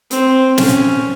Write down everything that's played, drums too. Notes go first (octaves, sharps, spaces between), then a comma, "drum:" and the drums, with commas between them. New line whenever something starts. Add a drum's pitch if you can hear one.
C4, drum: hi-hat
C#4, drum: snare